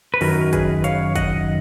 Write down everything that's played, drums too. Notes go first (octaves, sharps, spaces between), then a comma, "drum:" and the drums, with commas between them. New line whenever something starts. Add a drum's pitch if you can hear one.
B4
F#2 D#3 F#3 F#4 A#4, drum: open hi-hat
A#4
G#4 B4, drum: kick, hi-hat
C#5 F5, drum: hi-hat
D#5 F#5, drum: kick, hi-hat